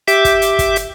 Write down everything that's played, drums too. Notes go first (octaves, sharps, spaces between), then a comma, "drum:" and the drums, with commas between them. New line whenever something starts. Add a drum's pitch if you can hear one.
G4 E5 D6, drum: hi-hat
drum: kick, hi-hat
drum: hi-hat
drum: kick, hi-hat
drum: hi-hat